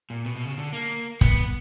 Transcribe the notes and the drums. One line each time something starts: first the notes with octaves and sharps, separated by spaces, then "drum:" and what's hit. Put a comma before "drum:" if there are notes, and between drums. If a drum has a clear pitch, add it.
A#2
B2
B2
C#3
D3
A#3
B3, drum: kick